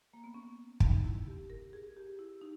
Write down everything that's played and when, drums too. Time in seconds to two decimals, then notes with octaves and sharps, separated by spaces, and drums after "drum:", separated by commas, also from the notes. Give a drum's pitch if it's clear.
0.14 A#3
0.24 B3
0.34 C#4
0.80 D#4, drum: kick
1.04 E4
1.27 G4
1.50 A#4
1.73 G#4
1.97 G4
2.19 E4
2.41 D#4